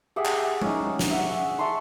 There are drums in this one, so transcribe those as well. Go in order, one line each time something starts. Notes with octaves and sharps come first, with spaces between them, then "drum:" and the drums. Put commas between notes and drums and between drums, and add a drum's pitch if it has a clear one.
G4 G#4 E5 F#5
drum: clap
C#4 D#4, drum: tom G#3
drum: snare
E5 F#5
E5 A5 C6 C#6